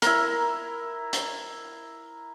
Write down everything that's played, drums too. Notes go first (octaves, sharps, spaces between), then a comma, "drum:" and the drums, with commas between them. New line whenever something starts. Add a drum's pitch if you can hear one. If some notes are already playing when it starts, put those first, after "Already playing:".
E4 A#4, drum: hi-hat
drum: hi-hat